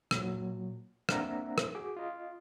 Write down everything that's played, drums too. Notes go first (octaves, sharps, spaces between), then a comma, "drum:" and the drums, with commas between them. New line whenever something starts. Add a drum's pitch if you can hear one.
A#2 F#3, drum: rim click
A#3 C4 D4 E5 F#5 A#5, drum: rim click
drum: rim click
F#4 G#4 D6
F4 D#5